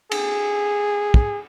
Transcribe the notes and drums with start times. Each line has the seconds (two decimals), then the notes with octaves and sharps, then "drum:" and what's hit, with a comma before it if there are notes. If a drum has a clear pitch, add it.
0.12 G#4, drum: cymbal
1.14 drum: kick